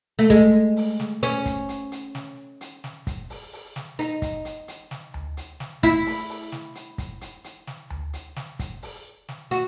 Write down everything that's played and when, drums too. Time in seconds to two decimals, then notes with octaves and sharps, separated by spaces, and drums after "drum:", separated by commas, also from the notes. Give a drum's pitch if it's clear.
0.19 A3
0.30 G#3, drum: kick, hi-hat
0.77 drum: open hi-hat
1.00 drum: snare
1.23 C#4, drum: hi-hat
1.46 drum: kick, hi-hat
1.69 drum: hi-hat
1.92 drum: hi-hat
2.15 drum: snare
2.61 drum: hi-hat
2.84 drum: snare
3.07 drum: kick, hi-hat
3.30 drum: open hi-hat
3.53 drum: open hi-hat
3.76 drum: snare
3.99 D#4, drum: hi-hat
4.22 drum: kick, hi-hat
4.45 drum: hi-hat
4.68 drum: hi-hat
4.91 drum: snare
5.14 drum: tom D2
5.37 drum: hi-hat
5.60 drum: snare
5.83 E4, drum: kick, hi-hat
6.06 drum: open hi-hat
6.29 drum: open hi-hat
6.52 drum: snare
6.75 drum: hi-hat
6.98 drum: kick, hi-hat
7.21 drum: hi-hat
7.44 drum: hi-hat
7.67 drum: snare
7.90 drum: tom D2
8.13 drum: hi-hat
8.36 drum: snare
8.59 drum: kick, hi-hat
8.82 drum: open hi-hat
9.29 drum: snare
9.51 F#4, drum: hi-hat